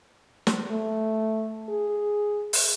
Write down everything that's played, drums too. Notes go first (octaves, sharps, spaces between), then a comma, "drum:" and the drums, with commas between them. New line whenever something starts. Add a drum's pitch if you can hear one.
drum: snare
A3
G#4
drum: open hi-hat